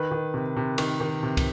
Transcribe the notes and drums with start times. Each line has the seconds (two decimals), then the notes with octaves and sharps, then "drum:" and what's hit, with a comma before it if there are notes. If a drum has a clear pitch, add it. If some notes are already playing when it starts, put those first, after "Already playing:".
Already playing: D#3 B4
0.11 D#3
0.34 C3
0.56 C3
0.78 D#3, drum: cymbal
1.00 D#3
1.23 C3
1.37 drum: kick, cymbal